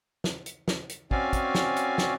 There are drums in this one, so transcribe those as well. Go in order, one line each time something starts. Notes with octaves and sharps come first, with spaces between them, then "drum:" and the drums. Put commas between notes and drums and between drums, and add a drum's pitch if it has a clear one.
drum: snare
drum: hi-hat
drum: snare
drum: hi-hat
C4 C#4 F#4 D5 F5 G#5, drum: kick
drum: kick, hi-hat
drum: snare
drum: hi-hat
drum: snare